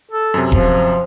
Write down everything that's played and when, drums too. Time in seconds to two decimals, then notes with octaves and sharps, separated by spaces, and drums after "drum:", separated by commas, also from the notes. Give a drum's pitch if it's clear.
0.11 A4
0.34 F#2 C3
0.52 F3, drum: kick D#1